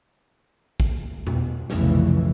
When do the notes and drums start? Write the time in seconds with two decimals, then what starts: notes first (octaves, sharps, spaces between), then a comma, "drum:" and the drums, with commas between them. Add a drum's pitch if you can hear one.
0.80 drum: kick
1.27 B2, drum: tom E2
1.70 F1 B1 C#3 E3, drum: snare